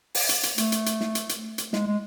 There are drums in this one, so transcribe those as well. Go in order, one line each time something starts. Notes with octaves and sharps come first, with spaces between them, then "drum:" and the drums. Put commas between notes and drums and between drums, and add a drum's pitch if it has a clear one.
drum: open hi-hat
drum: hi-hat
drum: hi-hat
A3, drum: hi-hat
drum: hi-hat
drum: hi-hat
drum: snare
drum: hi-hat
drum: hi-hat
drum: hi-hat
G#3, drum: snare
G#3